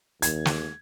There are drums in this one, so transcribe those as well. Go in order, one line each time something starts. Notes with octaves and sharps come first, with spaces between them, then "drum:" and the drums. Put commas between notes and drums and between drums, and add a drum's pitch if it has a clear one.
D#2 G#6, drum: hi-hat
drum: snare